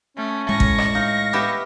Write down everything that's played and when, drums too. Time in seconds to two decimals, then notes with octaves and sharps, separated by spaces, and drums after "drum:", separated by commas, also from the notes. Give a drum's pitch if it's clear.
0.17 A3 C#4
0.49 A2 G#3 C#6 A#6
0.60 drum: kick
0.78 drum: rim click
0.95 D#4 F5
1.33 B3 G4 E5